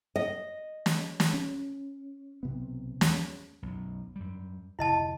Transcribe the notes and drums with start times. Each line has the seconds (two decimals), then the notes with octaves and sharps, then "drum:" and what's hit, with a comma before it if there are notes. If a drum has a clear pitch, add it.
0.16 D#5
0.86 drum: snare
1.20 drum: snare
1.34 C#4
2.43 B1 C3 B3
3.01 E2, drum: snare
3.62 B1 F#2
4.16 F#2 G3
4.79 F1 D3 E4 D#5 A5